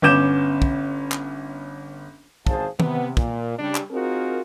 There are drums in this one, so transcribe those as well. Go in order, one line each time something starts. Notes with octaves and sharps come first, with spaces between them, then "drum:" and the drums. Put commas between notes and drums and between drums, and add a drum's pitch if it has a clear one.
G1 B3 C#4 D6 G6 E7
drum: kick
drum: clap
G#1 E2 G#4 C5 F5 A5, drum: kick
C3 B3, drum: tom D#3
A#2, drum: kick
C#3 G3 D4
drum: clap
C4 D#4 F4 F#4 G#4 A#4